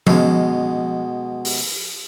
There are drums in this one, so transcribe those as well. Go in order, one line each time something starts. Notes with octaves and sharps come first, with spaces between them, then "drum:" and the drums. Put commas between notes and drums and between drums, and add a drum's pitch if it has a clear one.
B2 G#3, drum: tom F3
drum: open hi-hat